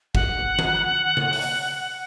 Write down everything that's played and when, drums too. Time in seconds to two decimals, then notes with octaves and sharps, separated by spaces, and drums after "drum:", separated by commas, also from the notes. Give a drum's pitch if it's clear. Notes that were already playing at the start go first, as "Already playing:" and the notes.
0.15 F#5, drum: kick G#1
0.59 drum: tom D#3
1.17 drum: tom C#3
1.33 drum: open hi-hat